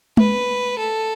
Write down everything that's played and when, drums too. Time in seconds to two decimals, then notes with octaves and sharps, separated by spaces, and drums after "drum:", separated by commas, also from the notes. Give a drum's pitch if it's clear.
0.17 B4, drum: tom G#3
0.78 A4